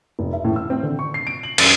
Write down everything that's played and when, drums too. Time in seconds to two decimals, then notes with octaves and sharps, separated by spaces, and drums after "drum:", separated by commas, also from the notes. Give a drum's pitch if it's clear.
0.19 F1
0.33 E5
0.45 A2
0.56 E6
0.70 C4
0.83 D3
0.99 C#6
1.14 C7
1.27 D7
1.43 F#7
1.58 F#2, drum: cymbal